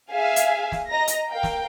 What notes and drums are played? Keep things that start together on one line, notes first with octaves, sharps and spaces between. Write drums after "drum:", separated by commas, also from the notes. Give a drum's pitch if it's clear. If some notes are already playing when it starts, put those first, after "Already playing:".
G#4 E5 F5 G#5
drum: hi-hat
drum: snare
D#5 A#5 A#6
drum: hi-hat
A#4 F5 G5
drum: snare